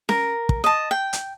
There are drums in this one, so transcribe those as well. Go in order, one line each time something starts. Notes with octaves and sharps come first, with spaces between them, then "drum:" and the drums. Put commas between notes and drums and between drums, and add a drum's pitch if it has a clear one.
A#4, drum: snare C#4
drum: kick
D#5 A5
G5
drum: hi-hat